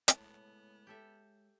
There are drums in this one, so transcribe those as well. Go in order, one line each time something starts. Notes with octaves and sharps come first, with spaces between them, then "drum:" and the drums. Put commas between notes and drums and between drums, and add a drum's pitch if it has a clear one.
A2 G#3 B3 C#5 A5, drum: hi-hat
G4 A4 E5